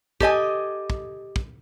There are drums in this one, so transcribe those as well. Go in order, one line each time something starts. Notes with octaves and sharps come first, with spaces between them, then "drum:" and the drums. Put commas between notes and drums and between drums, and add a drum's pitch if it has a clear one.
G4 A4 D#5 G#5, drum: kick
drum: kick
drum: kick